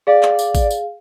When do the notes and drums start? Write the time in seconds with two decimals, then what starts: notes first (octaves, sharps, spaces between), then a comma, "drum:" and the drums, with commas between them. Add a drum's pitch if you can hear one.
0.07 G#4 D5 F5
0.23 drum: clap
0.39 drum: tambourine
0.55 drum: kick A1, tambourine
0.71 drum: tambourine